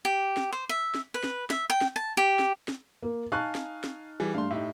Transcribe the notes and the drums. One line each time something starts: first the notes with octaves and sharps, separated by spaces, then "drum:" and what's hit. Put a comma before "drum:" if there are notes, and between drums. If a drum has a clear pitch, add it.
G4
drum: snare
C5
E5
drum: snare
B4
drum: snare
E5, drum: snare
G5
drum: snare
A5
G4
drum: snare
drum: snare
A#3
D#4 F5 G#5 A5 C#6 F6 F#6
drum: snare
drum: snare
E3 G3 G#4
G2 A3 D4 F5 C6
A2 D#4 G4 E5